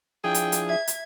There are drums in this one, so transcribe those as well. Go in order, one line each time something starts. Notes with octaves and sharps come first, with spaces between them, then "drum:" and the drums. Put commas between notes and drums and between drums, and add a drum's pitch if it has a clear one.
F3 D4 E4 G#4 G5
drum: hi-hat
drum: hi-hat
E5 G#6
drum: hi-hat